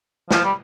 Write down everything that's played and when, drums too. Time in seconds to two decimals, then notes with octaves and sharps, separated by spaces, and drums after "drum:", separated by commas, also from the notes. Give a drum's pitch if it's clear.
0.31 F3, drum: snare
0.44 G3